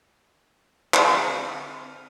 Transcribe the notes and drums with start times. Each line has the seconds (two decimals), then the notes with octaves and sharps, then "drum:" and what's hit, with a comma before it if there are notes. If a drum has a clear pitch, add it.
0.94 D3 C4 F6 D#7, drum: clap